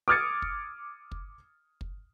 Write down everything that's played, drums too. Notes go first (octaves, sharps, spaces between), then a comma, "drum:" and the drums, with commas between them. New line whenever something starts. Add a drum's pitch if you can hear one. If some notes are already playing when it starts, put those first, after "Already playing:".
D6 D#6 F6 G#6 A6 C#7
drum: kick
drum: kick
drum: kick